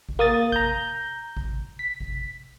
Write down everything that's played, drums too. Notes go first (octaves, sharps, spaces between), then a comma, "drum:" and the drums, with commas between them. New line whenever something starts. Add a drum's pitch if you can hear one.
drum: kick G#1
A#3 D#6 A6
A#5 G6, drum: kick G#1
drum: kick G#1
B6
drum: kick G#1